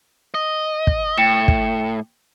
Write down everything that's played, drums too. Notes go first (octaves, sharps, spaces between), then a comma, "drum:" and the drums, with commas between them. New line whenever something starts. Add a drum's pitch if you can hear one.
D#5
drum: kick
A2 G5 C#7 E7
drum: kick